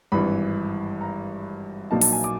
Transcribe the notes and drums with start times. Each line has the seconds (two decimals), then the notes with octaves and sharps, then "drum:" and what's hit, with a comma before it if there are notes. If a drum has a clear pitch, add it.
0.12 G#1 G2 E3 B5
1.01 A#5
1.90 A#1 A#2 F#3 A#3 D#4 A5
2.01 A5, drum: open hi-hat
2.13 G#5
2.24 D6